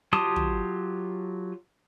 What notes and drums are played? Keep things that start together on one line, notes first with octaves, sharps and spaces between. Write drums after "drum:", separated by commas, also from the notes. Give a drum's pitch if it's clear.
F#3 F4 G4 A5 D#6, drum: tom F#3
drum: tom